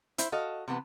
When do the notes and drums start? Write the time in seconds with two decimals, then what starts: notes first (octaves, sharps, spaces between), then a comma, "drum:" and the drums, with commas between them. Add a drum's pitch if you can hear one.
0.18 E4 C5 E5, drum: hi-hat
0.32 F#4 A4 D#5 F5
0.68 C3 E3 B3 A5